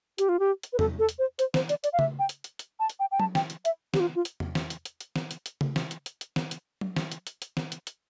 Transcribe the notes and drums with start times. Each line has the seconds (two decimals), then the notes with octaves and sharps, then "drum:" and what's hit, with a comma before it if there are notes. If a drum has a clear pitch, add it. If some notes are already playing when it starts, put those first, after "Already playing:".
0.18 G4, drum: hi-hat
0.29 F4
0.39 G4
0.63 drum: hi-hat
0.73 B4
0.79 A4, drum: tom
0.99 A4
1.09 drum: hi-hat
1.19 C5
1.39 C5, drum: hi-hat
1.54 C5, drum: snare
1.69 D5, drum: hi-hat
1.84 D5, drum: hi-hat
1.93 F5
1.99 E5, drum: tom C#3
2.19 G5
2.29 drum: hi-hat
2.44 drum: hi-hat
2.59 drum: hi-hat
2.80 A5
2.90 drum: hi-hat
3.00 G5
3.12 G5
3.20 A5, drum: tom F#3
3.35 G5, drum: snare
3.50 drum: hi-hat
3.65 E5, drum: hi-hat
3.94 G4, drum: snare
4.00 F4
4.15 F4
4.25 drum: hi-hat
4.40 drum: tom
4.55 drum: snare
4.70 drum: hi-hat
4.85 drum: hi-hat
5.01 drum: hi-hat
5.16 drum: snare
5.31 drum: hi-hat
5.46 drum: hi-hat
5.61 drum: tom C#3
5.76 drum: snare
5.91 drum: hi-hat
6.06 drum: hi-hat
6.21 drum: hi-hat
6.36 drum: snare
6.51 drum: hi-hat
6.81 drum: tom F#3
6.96 drum: snare
7.12 drum: hi-hat
7.27 drum: hi-hat
7.42 drum: hi-hat
7.57 drum: snare
7.72 drum: hi-hat
7.87 drum: hi-hat